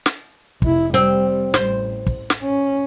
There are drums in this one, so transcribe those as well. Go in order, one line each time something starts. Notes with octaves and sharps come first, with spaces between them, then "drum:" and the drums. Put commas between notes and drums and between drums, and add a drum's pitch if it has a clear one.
drum: snare
F1 E4, drum: kick
G3 C4
A1 C5, drum: snare
drum: kick
drum: snare
C#4